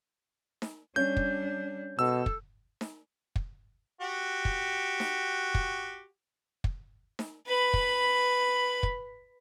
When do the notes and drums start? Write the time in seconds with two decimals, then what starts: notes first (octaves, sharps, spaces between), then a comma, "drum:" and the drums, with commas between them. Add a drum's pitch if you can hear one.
0.62 drum: snare D#4
0.96 G3 C#4 D4 G6
1.17 drum: kick
1.99 B2 A4 E6
2.26 drum: kick
2.81 drum: snare D#4
3.36 drum: kick
4.01 F#4 G4
4.45 drum: kick
5.00 drum: snare D#4
5.55 drum: kick
6.64 drum: kick
7.19 drum: snare D#4
7.47 B4 B5
7.74 drum: kick
8.83 drum: kick